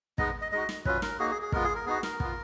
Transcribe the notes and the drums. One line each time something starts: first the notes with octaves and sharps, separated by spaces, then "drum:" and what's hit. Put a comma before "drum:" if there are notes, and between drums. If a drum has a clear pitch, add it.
G#3 B3 D#4 D#5, drum: kick
D#5
G#3 D#4 F#4 D#5
drum: snare
F#3 C#4 F4 B4, drum: kick
A#4, drum: snare
A#3 D#4 F#4 G#4
G#4
G#4
G#3 B3 F4 A#4, drum: kick
G#4
A#4
B3 D#4 F#4 G#4
A#4, drum: snare
B3 F4, drum: kick